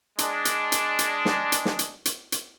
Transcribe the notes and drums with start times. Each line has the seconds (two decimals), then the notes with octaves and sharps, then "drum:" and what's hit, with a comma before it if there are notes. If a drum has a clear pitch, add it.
0.18 G#3 D4, drum: hi-hat
0.45 drum: hi-hat
0.72 drum: hi-hat
0.99 drum: hi-hat
1.25 drum: snare
1.52 drum: hi-hat
1.65 drum: snare
1.79 drum: hi-hat
2.05 drum: hi-hat
2.32 drum: hi-hat